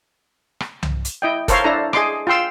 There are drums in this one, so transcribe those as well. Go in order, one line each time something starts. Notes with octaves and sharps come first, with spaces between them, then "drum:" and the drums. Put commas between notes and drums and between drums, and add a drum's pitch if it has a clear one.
drum: rim click
drum: tom C2
drum: hi-hat
E4 D#5 G5
A4 A#4 C5 C#5 F5, drum: kick, hi-hat
D4 E4 A4 A#5
G#4 D#5 C6 D6, drum: rim click
F4 F5 G5 C6 E6